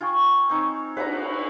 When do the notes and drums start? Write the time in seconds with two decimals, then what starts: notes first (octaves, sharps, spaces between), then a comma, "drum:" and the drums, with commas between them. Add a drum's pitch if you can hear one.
0.01 F4 G#4 G5 C#6
0.50 C4 D#4 C5 C#5
0.97 B4 E5 F#5 A#5, drum: cymbal